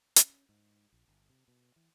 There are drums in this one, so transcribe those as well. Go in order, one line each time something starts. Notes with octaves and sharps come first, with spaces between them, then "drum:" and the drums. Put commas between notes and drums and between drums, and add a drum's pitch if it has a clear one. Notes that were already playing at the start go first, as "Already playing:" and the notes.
C#4, drum: hi-hat
G#2
A#1
G1
C3
B2
E3